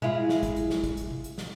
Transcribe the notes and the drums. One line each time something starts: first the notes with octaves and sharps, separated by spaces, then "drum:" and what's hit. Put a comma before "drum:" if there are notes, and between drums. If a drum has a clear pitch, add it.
G#3 E4 F4, drum: tom B2
drum: snare
drum: kick, hi-hat
drum: hi-hat
drum: snare
drum: kick, hi-hat
drum: hi-hat
drum: tom C3
drum: hi-hat
drum: snare